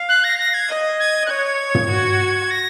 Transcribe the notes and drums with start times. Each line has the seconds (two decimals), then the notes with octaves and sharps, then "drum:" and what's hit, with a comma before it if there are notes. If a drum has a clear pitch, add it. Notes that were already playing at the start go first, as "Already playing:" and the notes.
Already playing: F5
0.09 F#6
0.24 A#6
0.39 A#6
0.54 G#6
0.69 D#5
1.00 G#6
1.26 F#6
1.30 C#5 G#6
1.75 drum: tom
1.90 F#4
2.50 A#6